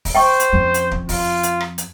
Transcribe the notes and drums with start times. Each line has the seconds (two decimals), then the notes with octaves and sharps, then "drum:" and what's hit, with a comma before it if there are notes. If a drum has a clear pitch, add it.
0.05 drum: kick, open hi-hat
0.15 C5 G5 C#6
0.40 drum: hi-hat
0.53 F2 C#4
0.74 drum: hi-hat
0.91 drum: kick
1.09 F4, drum: kick, open hi-hat
1.43 drum: hi-hat
1.61 drum: rim click
1.78 drum: hi-hat